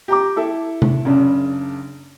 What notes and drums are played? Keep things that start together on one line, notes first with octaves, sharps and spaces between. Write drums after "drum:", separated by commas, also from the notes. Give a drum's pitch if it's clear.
G4 A#5 D6
E4 A4 E5
drum: tom C3
F#1 C#3 D4